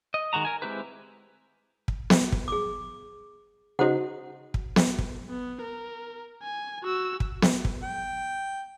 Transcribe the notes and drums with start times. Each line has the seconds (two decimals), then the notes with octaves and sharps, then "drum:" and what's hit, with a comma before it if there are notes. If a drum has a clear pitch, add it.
0.14 D#5
0.33 D#3 G#3 F#4 A#5
0.45 A#4 G#5
0.62 G#3 C4 E4 G4 B4
1.88 drum: kick
2.10 drum: snare B3
2.32 drum: kick
2.48 G#4 D6
3.79 C#3 D#4 F#4 C5 F#5
4.54 drum: kick
4.76 drum: snare B3
4.98 drum: kick
5.30 B3
5.62 A#4
6.43 G#5
6.83 F#4 E6
7.20 drum: kick
7.42 drum: snare B3
7.65 drum: kick
7.83 G5